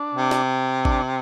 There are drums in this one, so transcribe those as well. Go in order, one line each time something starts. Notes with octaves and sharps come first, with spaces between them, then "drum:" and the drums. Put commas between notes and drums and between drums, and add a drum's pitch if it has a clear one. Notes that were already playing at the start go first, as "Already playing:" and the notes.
Already playing: D4
C3
drum: snare
D4, drum: kick G#1